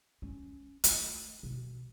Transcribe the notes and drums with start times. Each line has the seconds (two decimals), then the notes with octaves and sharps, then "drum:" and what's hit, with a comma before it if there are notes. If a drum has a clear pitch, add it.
0.22 C#4
0.84 A3, drum: hi-hat
1.43 B2